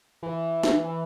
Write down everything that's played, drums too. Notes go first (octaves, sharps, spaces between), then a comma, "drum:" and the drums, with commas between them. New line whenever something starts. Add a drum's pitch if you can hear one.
E3
drum: snare
E3